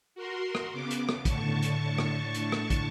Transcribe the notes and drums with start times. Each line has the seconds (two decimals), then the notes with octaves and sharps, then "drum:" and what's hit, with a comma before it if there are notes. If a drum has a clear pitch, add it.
0.15 F#4 A#4 C6
0.55 drum: rim click
0.73 C#3 B3 D6
0.91 drum: hi-hat
1.09 drum: rim click
1.25 A2 D3 A5 C#6, drum: kick, hi-hat
1.63 drum: hi-hat
1.98 drum: rim click
2.34 drum: hi-hat
2.52 drum: rim click
2.70 drum: kick, hi-hat